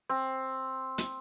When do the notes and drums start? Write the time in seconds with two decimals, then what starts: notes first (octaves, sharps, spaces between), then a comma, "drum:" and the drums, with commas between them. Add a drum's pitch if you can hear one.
0.09 C4
0.98 drum: hi-hat